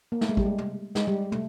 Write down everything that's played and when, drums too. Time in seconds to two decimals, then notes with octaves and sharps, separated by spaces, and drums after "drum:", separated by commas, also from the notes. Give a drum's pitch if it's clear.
0.12 A#3
0.21 A3, drum: snare
0.29 G#3
0.37 G3, drum: kick
0.45 G#3
0.58 drum: tom
0.95 G#3, drum: snare
1.08 G3
1.32 A3, drum: tom